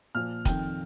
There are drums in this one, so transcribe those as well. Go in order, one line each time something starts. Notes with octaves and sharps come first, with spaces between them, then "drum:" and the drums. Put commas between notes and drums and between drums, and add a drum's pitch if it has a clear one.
A#2 F3 F6
F2 D#3 G5, drum: kick, hi-hat